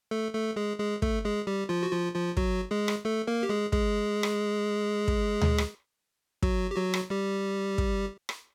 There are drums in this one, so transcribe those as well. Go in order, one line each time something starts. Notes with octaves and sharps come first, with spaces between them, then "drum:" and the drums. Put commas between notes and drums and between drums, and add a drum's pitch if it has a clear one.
A3 A4
A3 A4
G#3 G#4
G#3 G#4
A3 A4, drum: kick
G#3 G#4
G3 G4
F3 F4
F#4
F3 F4
F3 F4
F#3 F#4, drum: kick
G#3 G#4
drum: rim click
A3 A4
A#3 A#4
G4
G#3 G#4
G#3 G#4, drum: kick
drum: rim click
drum: kick
drum: tom D2
drum: rim click
F#3 F#4, drum: kick
G4
F#3 F#4
drum: rim click
G3 G4
drum: kick
drum: rim click